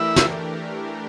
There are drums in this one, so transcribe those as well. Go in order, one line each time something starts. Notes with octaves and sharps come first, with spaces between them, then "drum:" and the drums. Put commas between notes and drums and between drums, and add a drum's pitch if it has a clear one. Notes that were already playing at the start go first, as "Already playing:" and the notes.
Already playing: E3 A3 D4 E4 G4 A#4
drum: snare